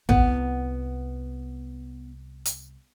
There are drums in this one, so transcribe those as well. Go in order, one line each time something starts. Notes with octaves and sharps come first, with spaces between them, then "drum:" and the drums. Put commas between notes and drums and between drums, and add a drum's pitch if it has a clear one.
C2 B3 F#5, drum: tom A1
drum: hi-hat